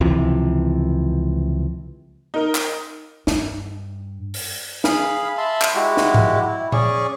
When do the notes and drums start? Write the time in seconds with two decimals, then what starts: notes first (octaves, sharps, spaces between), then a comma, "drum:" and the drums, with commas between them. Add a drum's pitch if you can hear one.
0.01 C#2 C3 E3 F3
2.34 D#4 A#4
2.55 drum: clap
3.27 G2, drum: snare
4.34 drum: open hi-hat
4.84 G#4 F5 B5, drum: snare
5.38 E5 A5 B5 C6
5.62 drum: clap
5.75 G#3 E4 F#4 G4
5.97 drum: snare
6.14 drum: tom G#2
6.41 E4
6.72 C#4 G#4 D5 C#6, drum: tom A#2